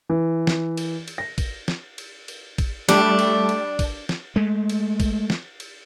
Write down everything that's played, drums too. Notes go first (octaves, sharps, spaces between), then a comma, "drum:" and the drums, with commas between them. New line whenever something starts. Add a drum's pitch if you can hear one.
E3
drum: snare
drum: cymbal
drum: cymbal
A#6
drum: kick, cymbal
drum: snare
drum: cymbal
drum: cymbal
drum: kick, cymbal
G3 A3 D4, drum: snare
drum: cymbal
drum: cymbal
drum: kick, cymbal
drum: snare
G#3 A3
drum: cymbal
drum: kick, cymbal
drum: snare
drum: cymbal